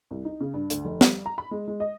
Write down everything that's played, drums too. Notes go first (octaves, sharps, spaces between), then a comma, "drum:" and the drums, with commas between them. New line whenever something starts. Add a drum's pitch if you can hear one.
C2
D#4
C#3
G2
D2, drum: hi-hat
F1
G3, drum: snare
A#5
B5
G#3
G#3
D#5